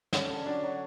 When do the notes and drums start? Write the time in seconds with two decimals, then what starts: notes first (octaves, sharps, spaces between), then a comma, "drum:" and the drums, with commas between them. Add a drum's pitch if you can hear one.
0.13 D3 C#4, drum: snare
0.30 D3
0.46 F#3 D4
0.63 F#3